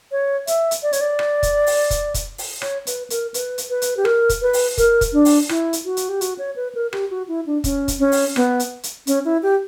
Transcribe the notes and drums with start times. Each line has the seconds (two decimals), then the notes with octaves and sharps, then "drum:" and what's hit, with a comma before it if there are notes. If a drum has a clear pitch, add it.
0.12 C#5
0.47 E5, drum: hi-hat
0.71 drum: hi-hat
0.83 D5
0.93 C#5, drum: hi-hat
1.01 D5
1.19 drum: rim click
1.43 drum: kick, hi-hat
1.67 drum: open hi-hat
1.90 drum: kick, hi-hat
2.14 drum: kick, hi-hat
2.38 drum: open hi-hat
2.62 C#5, drum: rim click
2.87 B4, drum: hi-hat
3.10 A#4, drum: hi-hat
3.34 B4, drum: hi-hat
3.58 drum: hi-hat
3.70 B4
3.82 drum: hi-hat
3.97 G4
4.05 A#4, drum: rim click
4.29 drum: kick, hi-hat
4.42 B4
4.53 drum: open hi-hat
4.78 A#4, drum: kick, hi-hat
5.01 drum: kick, hi-hat
5.13 D4
5.25 drum: open hi-hat
5.49 E4, drum: rim click
5.73 drum: hi-hat
5.85 F#4
5.97 drum: hi-hat
6.09 G4
6.21 F#4, drum: hi-hat
6.38 C#5
6.56 B4
6.75 A#4
6.93 G4, drum: rim click
7.10 F#4
7.28 E4
7.46 D4
7.64 C#4, drum: kick, hi-hat
7.88 drum: kick, hi-hat
7.99 C#4
8.12 drum: open hi-hat
8.36 B3, drum: rim click
8.60 drum: hi-hat
8.83 drum: hi-hat
9.07 C#4, drum: hi-hat
9.25 E4
9.43 G4